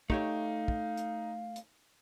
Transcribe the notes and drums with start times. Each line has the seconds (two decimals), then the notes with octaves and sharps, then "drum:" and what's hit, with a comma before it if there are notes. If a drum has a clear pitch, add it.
0.10 A3 D#4 G4 C#5 F5, drum: kick
0.68 drum: kick
0.97 drum: hi-hat
1.56 drum: hi-hat